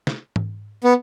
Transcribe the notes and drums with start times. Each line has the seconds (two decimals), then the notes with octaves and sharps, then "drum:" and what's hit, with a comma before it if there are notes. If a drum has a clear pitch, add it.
0.07 drum: snare
0.36 drum: tom G#2
0.84 B3